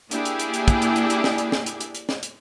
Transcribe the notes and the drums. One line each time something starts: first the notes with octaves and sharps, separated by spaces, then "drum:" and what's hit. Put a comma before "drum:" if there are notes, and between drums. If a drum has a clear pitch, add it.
A#3 D4 E4 G4 G#4, drum: hi-hat
drum: hi-hat
drum: hi-hat
drum: hi-hat
drum: kick, hi-hat
drum: hi-hat
drum: hi-hat
drum: hi-hat
drum: snare
drum: hi-hat
drum: snare
drum: hi-hat
drum: hi-hat
drum: hi-hat
drum: snare
drum: hi-hat